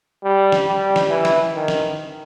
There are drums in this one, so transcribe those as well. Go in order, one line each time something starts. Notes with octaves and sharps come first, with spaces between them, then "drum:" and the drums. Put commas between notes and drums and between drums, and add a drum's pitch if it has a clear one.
G3
drum: snare
G3
drum: snare
E3
drum: snare
D#3
drum: snare